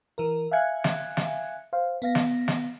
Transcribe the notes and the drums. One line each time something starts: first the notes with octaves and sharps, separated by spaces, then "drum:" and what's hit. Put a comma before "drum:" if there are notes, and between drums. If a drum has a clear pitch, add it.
E3 A#4
E5 F5 G#5 F#6 G#6 C#7
drum: snare
drum: snare
C5 F5
B3 F5 A#6
drum: snare
drum: snare